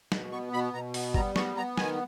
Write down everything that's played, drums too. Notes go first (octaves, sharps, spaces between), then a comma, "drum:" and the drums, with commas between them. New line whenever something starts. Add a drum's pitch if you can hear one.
B2, drum: snare
B3 C#6
B2 B5
B2 A#5
B3, drum: open hi-hat
G3 A#5, drum: kick G#1
B3 C#6, drum: snare
B3 A#5
D#3 G#5, drum: snare